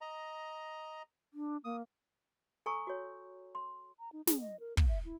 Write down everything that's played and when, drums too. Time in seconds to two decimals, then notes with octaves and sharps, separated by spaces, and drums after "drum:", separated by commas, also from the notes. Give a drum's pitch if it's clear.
0.01 D#5 A#5
1.34 D4
1.64 A#3 D#6
2.66 A4 G#5 A#5 C#6 E6
2.87 F#4 C#5
3.55 C6
3.98 A#5
4.12 D#4
4.27 G#4, drum: snare
4.40 D#5
4.60 A#4
4.77 A#3, drum: kick
4.88 E5
5.05 E4